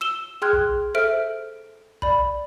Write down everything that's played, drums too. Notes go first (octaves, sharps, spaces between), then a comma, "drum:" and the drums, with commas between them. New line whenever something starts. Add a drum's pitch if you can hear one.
E6 E7 G7
G#4 G5 C6 F6 F#6 G#6
drum: kick
A4 C5 E5 F6 D7
D5 B5, drum: kick